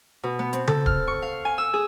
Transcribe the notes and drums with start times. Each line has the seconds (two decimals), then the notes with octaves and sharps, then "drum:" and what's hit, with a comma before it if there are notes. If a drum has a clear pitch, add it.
0.23 B2
0.39 B3
0.53 C4, drum: hi-hat
0.67 A4, drum: tom C#3
0.86 F6, drum: kick D1
1.07 C#6
1.22 F5
1.45 G#5
1.58 E6
1.74 G#4